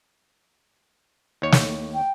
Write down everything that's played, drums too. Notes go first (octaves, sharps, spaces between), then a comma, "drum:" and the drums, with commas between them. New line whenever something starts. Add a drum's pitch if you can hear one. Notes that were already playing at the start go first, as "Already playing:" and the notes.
D#2 C#5
drum: snare
G5